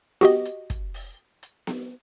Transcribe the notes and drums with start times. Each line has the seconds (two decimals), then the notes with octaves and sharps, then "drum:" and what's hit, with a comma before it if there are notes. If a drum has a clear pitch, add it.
0.21 F#4 G4 D#5, drum: snare B3
0.46 drum: hi-hat
0.70 drum: kick, hi-hat
0.94 drum: open hi-hat
1.43 drum: hi-hat
1.67 drum: snare B3